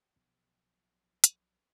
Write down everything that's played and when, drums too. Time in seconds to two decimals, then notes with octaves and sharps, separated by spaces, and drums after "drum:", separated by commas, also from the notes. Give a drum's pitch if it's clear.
0.16 B1 B2 F3 B3
1.24 drum: hi-hat